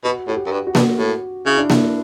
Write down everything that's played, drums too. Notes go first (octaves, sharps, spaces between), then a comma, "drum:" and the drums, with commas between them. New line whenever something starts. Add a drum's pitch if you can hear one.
B2 F#4
A2 F#4
G4
F#2
G2
F#4
G2, drum: snare A#3
A2 F#4
C#3 E4
D4
E4, drum: snare A#3